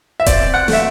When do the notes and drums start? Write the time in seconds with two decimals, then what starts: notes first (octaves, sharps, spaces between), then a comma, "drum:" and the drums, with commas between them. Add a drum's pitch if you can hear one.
0.20 E5
0.26 C4 D5, drum: kick D#1, hi-hat
0.54 F#5
0.68 A3, drum: snare
0.73 E5